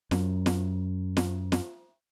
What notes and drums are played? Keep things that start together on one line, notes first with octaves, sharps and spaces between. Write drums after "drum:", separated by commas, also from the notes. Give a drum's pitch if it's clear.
F#2, drum: snare
drum: snare
drum: snare
drum: snare